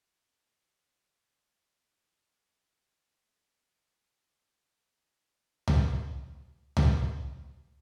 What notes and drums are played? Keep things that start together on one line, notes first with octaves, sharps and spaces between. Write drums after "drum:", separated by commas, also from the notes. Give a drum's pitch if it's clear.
G2 E3 G3 B3
D#2 D#3 G#3 B3
F2 C#3 F3 A#3
D3 F#3 A3 C#4 F4
drum: tom C#2
F2 C#3 E3 A3
drum: tom C#2
F#3 A#3